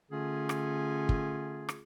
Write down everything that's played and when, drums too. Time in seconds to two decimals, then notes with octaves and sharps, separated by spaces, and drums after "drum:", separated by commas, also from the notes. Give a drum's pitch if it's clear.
0.09 D3 A3 C#4 F4 G#4
0.49 drum: rim click
1.09 drum: kick
1.69 drum: rim click